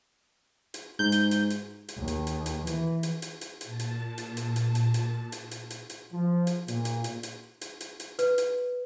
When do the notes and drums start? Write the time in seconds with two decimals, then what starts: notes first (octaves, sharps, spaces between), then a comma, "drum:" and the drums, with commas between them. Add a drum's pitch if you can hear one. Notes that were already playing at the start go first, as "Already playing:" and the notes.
0.74 drum: hi-hat
0.99 G#2 G6
1.12 drum: hi-hat
1.31 drum: hi-hat
1.50 drum: hi-hat
1.88 drum: hi-hat
1.98 D#2
2.08 drum: hi-hat
2.27 drum: hi-hat
2.46 drum: hi-hat
2.67 E3, drum: hi-hat
3.03 drum: hi-hat
3.22 drum: hi-hat
3.41 drum: hi-hat
3.61 A#2 A5, drum: hi-hat
3.79 drum: hi-hat
4.18 drum: hi-hat
4.37 drum: hi-hat
4.56 drum: hi-hat
4.75 drum: hi-hat
4.94 drum: hi-hat
5.32 drum: hi-hat
5.51 drum: hi-hat
5.70 drum: hi-hat
5.90 drum: hi-hat
6.12 F3
6.47 drum: hi-hat
6.68 A#2, drum: hi-hat
6.85 drum: hi-hat
7.04 drum: hi-hat
7.23 drum: hi-hat
7.61 drum: hi-hat
7.80 drum: hi-hat
8.00 drum: hi-hat
8.19 B4, drum: hi-hat
8.38 drum: hi-hat